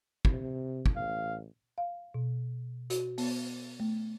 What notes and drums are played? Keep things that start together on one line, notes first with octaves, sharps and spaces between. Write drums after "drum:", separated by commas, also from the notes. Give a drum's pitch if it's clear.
C3, drum: kick
drum: kick
A1 F5
F5
B2
F#4, drum: hi-hat
B3, drum: open hi-hat
A3